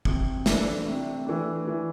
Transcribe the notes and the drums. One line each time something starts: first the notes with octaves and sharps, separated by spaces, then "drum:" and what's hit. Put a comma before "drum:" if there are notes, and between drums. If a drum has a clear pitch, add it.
C3, drum: kick
E3 A3 D4, drum: snare
C3
E3 A3 D4
E3